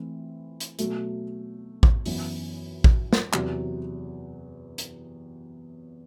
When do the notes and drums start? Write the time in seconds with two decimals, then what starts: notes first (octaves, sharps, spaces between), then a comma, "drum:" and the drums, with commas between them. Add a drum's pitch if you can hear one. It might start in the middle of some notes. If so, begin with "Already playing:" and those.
Already playing: E3 A3 C4
0.60 drum: hi-hat
0.79 B2 F#3 A3, drum: hi-hat
1.83 drum: kick A1
2.06 F#2 E3 B3, drum: open hi-hat
2.84 drum: kick A1
3.13 drum: snare
3.33 E2 C3 F#3, drum: clap
4.78 drum: hi-hat